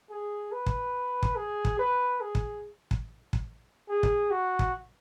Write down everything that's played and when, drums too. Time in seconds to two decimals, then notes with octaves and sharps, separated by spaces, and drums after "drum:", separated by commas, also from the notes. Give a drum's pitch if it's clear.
0.11 G#4
0.52 B4
0.66 drum: kick
1.23 drum: kick
1.36 G#4
1.65 drum: kick
1.79 B4
2.21 G#4
2.35 drum: kick
2.91 drum: kick
3.33 drum: kick
3.89 G#4
4.03 drum: kick
4.31 F#4
4.59 drum: kick